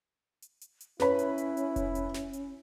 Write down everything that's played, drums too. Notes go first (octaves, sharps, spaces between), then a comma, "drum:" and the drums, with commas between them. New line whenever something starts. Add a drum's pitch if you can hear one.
drum: hi-hat
drum: hi-hat
drum: hi-hat
C#4 E4 B4 C#5 B5, drum: snare
drum: hi-hat
drum: hi-hat
drum: hi-hat
drum: kick F1, hi-hat
drum: hi-hat
drum: snare
drum: hi-hat